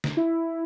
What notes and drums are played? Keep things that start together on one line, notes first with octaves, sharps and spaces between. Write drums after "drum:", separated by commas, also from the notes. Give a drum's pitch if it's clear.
drum: snare
E4